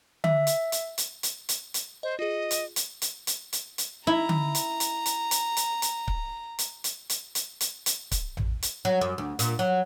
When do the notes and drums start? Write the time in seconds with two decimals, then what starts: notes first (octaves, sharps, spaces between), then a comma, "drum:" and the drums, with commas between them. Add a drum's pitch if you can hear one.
0.24 E5, drum: tom D3
0.47 drum: hi-hat
0.72 drum: hi-hat
0.98 drum: hi-hat
1.23 drum: hi-hat
1.49 drum: hi-hat
1.74 drum: hi-hat
2.03 C5 D#5
2.19 F4 G#4 D#5
2.51 drum: hi-hat
2.76 drum: hi-hat
3.02 drum: hi-hat
3.27 drum: hi-hat
3.53 drum: hi-hat
3.78 drum: hi-hat
4.07 E4 A#5
4.29 drum: tom D3
4.55 drum: hi-hat
4.80 drum: hi-hat
5.06 drum: hi-hat
5.31 drum: hi-hat
5.57 drum: hi-hat
5.82 drum: hi-hat
6.08 drum: kick C#1
6.59 drum: hi-hat
6.84 drum: hi-hat
7.10 drum: hi-hat
7.35 drum: hi-hat
7.61 drum: hi-hat
7.86 drum: hi-hat
8.12 drum: kick C#1, hi-hat
8.37 drum: tom A1
8.63 drum: hi-hat
8.85 F#3
9.01 F#2
9.18 D2
9.39 A#2, drum: hi-hat
9.59 F#3